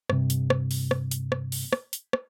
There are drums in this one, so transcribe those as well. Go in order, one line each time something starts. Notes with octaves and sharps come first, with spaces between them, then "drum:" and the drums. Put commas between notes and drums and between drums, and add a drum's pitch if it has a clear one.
G2 C3, drum: rim click
drum: hi-hat
drum: rim click
drum: open hi-hat
drum: rim click
drum: hi-hat
drum: rim click
drum: open hi-hat
drum: rim click
drum: hi-hat
drum: rim click